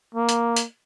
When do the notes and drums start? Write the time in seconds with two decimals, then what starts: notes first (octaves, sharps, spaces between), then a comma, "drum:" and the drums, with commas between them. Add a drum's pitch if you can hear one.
0.15 A#3
0.29 drum: hi-hat
0.56 drum: hi-hat